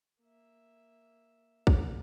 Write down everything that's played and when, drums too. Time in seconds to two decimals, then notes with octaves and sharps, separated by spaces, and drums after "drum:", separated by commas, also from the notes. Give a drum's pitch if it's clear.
0.21 A#3 E5
1.67 drum: kick